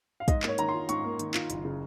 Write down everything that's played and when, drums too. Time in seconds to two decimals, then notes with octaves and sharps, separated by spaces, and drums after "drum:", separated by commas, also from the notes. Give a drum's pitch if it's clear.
0.20 F5
0.28 G#2 D#5, drum: kick, hi-hat
0.43 A#3, drum: clap
0.48 C#5
0.58 D#3 A#5, drum: hi-hat
0.69 C6
0.74 F4
0.89 G#2 C#6, drum: hi-hat
1.04 A#3
1.19 D#3, drum: hi-hat
1.34 F4, drum: clap
1.50 F#1, drum: hi-hat
1.65 C#3